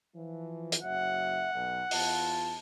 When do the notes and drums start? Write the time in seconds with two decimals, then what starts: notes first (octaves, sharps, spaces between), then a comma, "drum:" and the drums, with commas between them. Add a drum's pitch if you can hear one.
0.15 E3 F3
0.72 drum: hi-hat
0.82 F#1 F#3 E5 F#5
1.53 B1
1.91 E2 F4 A5, drum: open hi-hat